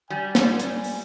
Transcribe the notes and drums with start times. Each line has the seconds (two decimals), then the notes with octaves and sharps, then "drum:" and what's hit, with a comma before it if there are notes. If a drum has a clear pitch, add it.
0.10 G3 G#5
0.35 drum: snare
0.59 drum: hi-hat
0.84 drum: open hi-hat